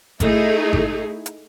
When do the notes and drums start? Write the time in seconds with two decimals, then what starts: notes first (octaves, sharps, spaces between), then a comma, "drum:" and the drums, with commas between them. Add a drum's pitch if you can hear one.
0.20 A3 D#4 E4 G#4, drum: kick G#1, hi-hat
0.73 drum: kick G#1
1.26 drum: hi-hat